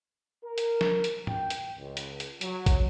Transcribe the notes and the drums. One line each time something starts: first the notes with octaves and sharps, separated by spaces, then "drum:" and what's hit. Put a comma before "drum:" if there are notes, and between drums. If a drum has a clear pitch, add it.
A#4
drum: hi-hat
drum: snare
drum: hi-hat
G5, drum: tom G#2
drum: hi-hat
C#2
drum: hi-hat
drum: hi-hat
F#3, drum: hi-hat
drum: kick, hi-hat